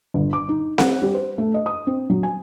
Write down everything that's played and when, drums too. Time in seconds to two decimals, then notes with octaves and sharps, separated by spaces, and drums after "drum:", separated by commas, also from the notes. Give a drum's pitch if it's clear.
0.14 G1
0.33 D6
0.49 D#4
0.78 F#5, drum: snare C4
1.02 G3
1.14 C5
1.38 A3
1.54 D#5
1.66 D#6
1.87 C4
2.10 F#3
2.23 G#5